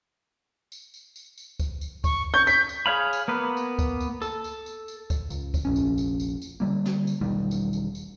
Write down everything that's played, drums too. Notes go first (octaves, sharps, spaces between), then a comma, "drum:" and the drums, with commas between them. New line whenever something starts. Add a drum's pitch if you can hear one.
drum: tambourine
drum: tambourine
drum: tambourine
drum: tambourine
drum: kick C#2, tambourine
drum: tambourine
C#6, drum: kick C#2, tambourine
C#6 G6
G6 B6, drum: tambourine
drum: tambourine
G#4 C#5 F5 B5
drum: tambourine
A#3 B3 B4
drum: tambourine
drum: kick C#2, tambourine
drum: tambourine
A4, drum: tambourine
drum: tambourine
drum: tambourine
drum: tambourine
drum: kick C#2, tambourine
C#2, drum: tambourine
drum: kick C#2, tambourine
F1 A#1 C#4
drum: tambourine
drum: tambourine
drum: tambourine
drum: tambourine
D3 F#3 G3 A#3
drum: snare
drum: tambourine
E1 B1 D#3 G3
drum: tambourine
drum: tambourine
drum: tambourine